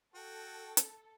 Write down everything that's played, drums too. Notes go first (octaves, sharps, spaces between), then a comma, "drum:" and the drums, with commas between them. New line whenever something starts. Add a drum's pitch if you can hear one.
F#4 A4 G5
drum: hi-hat